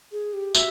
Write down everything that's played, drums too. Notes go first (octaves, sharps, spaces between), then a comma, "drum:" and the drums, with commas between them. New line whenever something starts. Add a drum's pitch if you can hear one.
G#4
G4
F#4 E5, drum: tambourine